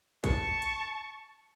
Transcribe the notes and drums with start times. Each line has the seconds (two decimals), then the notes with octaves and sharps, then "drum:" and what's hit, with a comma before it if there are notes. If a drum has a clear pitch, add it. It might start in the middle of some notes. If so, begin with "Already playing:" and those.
0.24 A5 C#6, drum: kick, hi-hat
0.62 drum: hi-hat